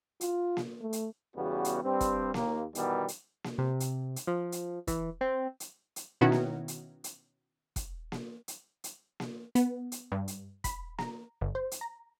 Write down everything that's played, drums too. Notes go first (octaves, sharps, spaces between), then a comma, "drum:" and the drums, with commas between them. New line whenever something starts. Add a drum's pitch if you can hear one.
F4, drum: hi-hat
drum: snare A#3
A3
drum: hi-hat
E2 C#3 G3 B3 F#4
drum: hi-hat
G2 G3 C4
drum: kick, hi-hat
D#2 A#3, drum: snare A#3
B2 D#3 E3 G3 B3, drum: hi-hat
drum: hi-hat
drum: snare A#3
C3
drum: hi-hat
drum: hi-hat
F3
drum: hi-hat
E3, drum: kick, hi-hat
C4
drum: hi-hat
drum: hi-hat
B2 D#3 B3 C#4 E4 F#4
drum: snare A#3
drum: hi-hat
drum: hi-hat
drum: kick, hi-hat
drum: snare A#3
drum: hi-hat
drum: hi-hat
drum: snare A#3
B3, drum: hi-hat
drum: hi-hat
G2
drum: hi-hat
B5, drum: kick, hi-hat
A#5, drum: snare A#3
G1
C5
drum: hi-hat
A#5